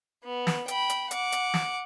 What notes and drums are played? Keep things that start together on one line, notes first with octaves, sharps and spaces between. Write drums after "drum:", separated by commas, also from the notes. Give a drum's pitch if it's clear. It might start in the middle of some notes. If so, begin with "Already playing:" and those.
B3
drum: snare
G5 B5, drum: hi-hat
drum: hi-hat
F#5 D6, drum: hi-hat
drum: hi-hat
drum: snare